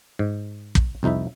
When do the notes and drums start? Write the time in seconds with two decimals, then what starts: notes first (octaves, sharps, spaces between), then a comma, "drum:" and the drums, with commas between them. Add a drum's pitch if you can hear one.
0.19 G#2
0.75 drum: kick
1.03 C2 F2 D#4 E4 E5